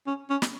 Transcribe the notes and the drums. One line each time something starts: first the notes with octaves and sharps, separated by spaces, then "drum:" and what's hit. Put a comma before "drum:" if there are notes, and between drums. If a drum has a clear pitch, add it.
C#4
C#4
drum: snare